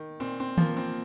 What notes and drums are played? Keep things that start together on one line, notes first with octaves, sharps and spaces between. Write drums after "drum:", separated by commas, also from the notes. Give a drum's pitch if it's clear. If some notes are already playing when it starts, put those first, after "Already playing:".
Already playing: D#3
A#2 C4
C4
F3 A#3, drum: tom D#3
C4